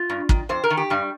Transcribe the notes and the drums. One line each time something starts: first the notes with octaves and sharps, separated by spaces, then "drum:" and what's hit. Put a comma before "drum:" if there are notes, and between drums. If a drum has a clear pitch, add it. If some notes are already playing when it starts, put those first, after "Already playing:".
Already playing: F4
G2
D#3, drum: kick
F2 C5
A#4
D#3
G4
G2 G3